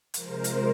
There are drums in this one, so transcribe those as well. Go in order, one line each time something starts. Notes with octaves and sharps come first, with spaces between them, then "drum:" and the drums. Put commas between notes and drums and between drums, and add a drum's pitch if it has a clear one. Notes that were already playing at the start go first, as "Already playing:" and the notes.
C3 F3 G#3 A#4 C5, drum: hi-hat
drum: hi-hat